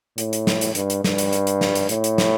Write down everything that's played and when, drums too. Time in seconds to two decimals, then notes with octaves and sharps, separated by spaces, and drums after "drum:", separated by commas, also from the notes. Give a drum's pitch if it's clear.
0.18 A2, drum: hi-hat
0.33 drum: hi-hat
0.47 drum: snare
0.61 drum: hi-hat
0.75 G2, drum: hi-hat
0.90 drum: hi-hat
1.04 G2, drum: snare
1.18 drum: hi-hat
1.33 drum: hi-hat
1.47 drum: hi-hat
1.61 drum: snare
1.75 drum: hi-hat
1.89 A2, drum: hi-hat
2.04 drum: hi-hat
2.18 drum: snare